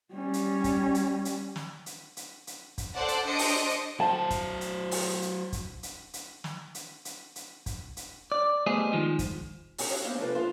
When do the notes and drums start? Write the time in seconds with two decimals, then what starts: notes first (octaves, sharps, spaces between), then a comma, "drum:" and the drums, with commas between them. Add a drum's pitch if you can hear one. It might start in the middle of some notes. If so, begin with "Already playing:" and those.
0.13 G3 C#4
0.34 drum: hi-hat
0.64 drum: kick, hi-hat
0.95 drum: hi-hat
1.25 drum: hi-hat
1.56 drum: snare
1.86 drum: hi-hat
2.17 drum: hi-hat
2.47 drum: hi-hat
2.78 drum: kick, hi-hat
2.94 A4 C5 D5 F#5
3.08 drum: hi-hat
3.25 D4 C5 D#5 D#6 C#7 D7
3.39 drum: open hi-hat
3.69 drum: hi-hat
4.00 F#3 C5 A5
4.30 drum: kick, hi-hat
4.61 drum: hi-hat
4.91 drum: open hi-hat
5.22 drum: hi-hat
5.52 drum: kick, hi-hat
5.83 drum: hi-hat
6.14 drum: hi-hat
6.44 drum: snare
6.75 drum: hi-hat
7.05 drum: hi-hat
7.36 drum: hi-hat
7.66 drum: kick, hi-hat
7.97 drum: hi-hat
8.32 D5
8.67 G3 A3 B3 G#4 C5 D#5
8.92 D#3 F3 G#3
9.19 drum: kick, hi-hat
9.78 C#4 G4 C5, drum: open hi-hat
9.90 C4 D#4 F#4 C#5 F5
10.05 A#3 B3 D4 G4 C5 C#5
10.18 C3 F3 G#3 D4 A4 B4
10.35 G#2 C#3 F3 F4 C5